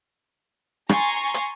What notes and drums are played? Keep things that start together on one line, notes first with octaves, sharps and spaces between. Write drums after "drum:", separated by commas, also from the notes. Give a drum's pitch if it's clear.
G#5 A#5 C6 C#6 A6 A#6, drum: rim click
drum: hi-hat